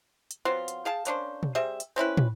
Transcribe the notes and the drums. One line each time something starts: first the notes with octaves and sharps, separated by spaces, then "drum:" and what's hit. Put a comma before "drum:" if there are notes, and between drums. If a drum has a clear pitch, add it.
drum: hi-hat
F#3 B3 C4 F4
drum: hi-hat
G#4 F5 G5 A5
A#3 C#4 D4 C5, drum: hi-hat
drum: tom
G3 C4 G#4 E5
drum: hi-hat
C4 C#4 E4 B4
drum: tom